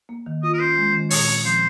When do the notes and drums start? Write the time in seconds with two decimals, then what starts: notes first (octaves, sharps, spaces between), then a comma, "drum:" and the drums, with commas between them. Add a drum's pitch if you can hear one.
0.09 A#3
0.26 D#3
0.43 F4 D#5
0.54 A#4
0.60 C#4 C5
0.77 G#3
0.93 D#3
1.10 A#2 C#5, drum: open hi-hat
1.27 C4
1.45 F3 C5